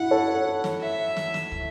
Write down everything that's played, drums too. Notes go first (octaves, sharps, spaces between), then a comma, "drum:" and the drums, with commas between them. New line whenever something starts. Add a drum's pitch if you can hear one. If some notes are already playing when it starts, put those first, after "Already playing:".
Already playing: E4 F#5
A4 C#5
drum: snare
E5
drum: snare
drum: snare
drum: kick